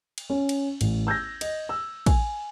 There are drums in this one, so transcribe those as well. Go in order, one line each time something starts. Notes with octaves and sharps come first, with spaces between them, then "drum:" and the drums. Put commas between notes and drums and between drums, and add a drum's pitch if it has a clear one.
drum: cymbal
C#4
drum: cymbal
A1, drum: cymbal
E6 G6 G#6 A#6
D#5, drum: cymbal
E6
G#5, drum: kick, cymbal